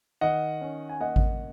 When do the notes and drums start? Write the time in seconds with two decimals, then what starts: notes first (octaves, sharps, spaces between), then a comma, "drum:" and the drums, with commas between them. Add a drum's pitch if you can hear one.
0.21 D#3 D#5 F#5
0.61 C#4
0.89 G#5
1.00 A#3 D#5 F#5
1.16 drum: kick G#1